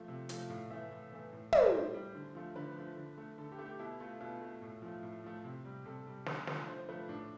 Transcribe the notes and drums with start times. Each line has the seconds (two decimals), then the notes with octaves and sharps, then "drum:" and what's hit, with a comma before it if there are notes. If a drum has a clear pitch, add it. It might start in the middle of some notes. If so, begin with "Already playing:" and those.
Already playing: F3 A3
0.08 C3
0.29 F3 A3, drum: hi-hat
0.49 A2 F5
0.70 E3 A3 E5
0.91 A2
1.12 E3 A3
1.33 A2
1.53 G3, drum: tom
1.73 A2 C5
1.94 G3
2.15 D3
2.35 F3 A3
2.56 D3 B4
2.76 F3 A3
2.97 D3
3.18 A3
3.38 D3 A4
3.52 G4
3.58 A3
3.66 G4
3.79 B2 E4
4.00 A3 F4
4.20 B2 F4
4.41 A3
4.62 A2
4.82 F3 A3
5.03 A2
5.24 F3 A3
5.44 C3
5.65 G3
5.85 C3 A4
6.06 G3
6.26 D3, drum: snare
6.47 F3 A3, drum: snare
6.68 D3 C5
6.88 F3 A3 B4
7.09 A2 D4